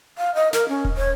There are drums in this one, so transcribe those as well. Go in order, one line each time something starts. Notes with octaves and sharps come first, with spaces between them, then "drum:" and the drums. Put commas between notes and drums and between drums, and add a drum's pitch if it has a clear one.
F5
D#5
A#4, drum: snare
C#4
drum: kick D#1
C#5